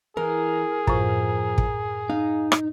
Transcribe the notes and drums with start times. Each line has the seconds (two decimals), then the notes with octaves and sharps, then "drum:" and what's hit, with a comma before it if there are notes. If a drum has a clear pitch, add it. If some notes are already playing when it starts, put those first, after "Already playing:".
0.17 E3 G#4 A#4
0.87 F#2 A2 F3 F4, drum: kick
1.58 drum: kick
2.10 D#4 F5
2.52 drum: rim click